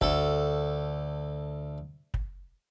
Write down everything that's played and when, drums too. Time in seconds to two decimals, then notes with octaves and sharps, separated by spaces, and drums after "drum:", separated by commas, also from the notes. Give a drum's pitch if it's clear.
0.01 D2 A4, drum: kick
2.14 drum: kick